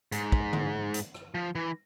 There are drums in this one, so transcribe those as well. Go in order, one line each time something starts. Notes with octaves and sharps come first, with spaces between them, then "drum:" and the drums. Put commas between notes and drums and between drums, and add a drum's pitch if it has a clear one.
G#2, drum: hi-hat
drum: kick
drum: tom D3
drum: hi-hat
drum: rim click
F3
E3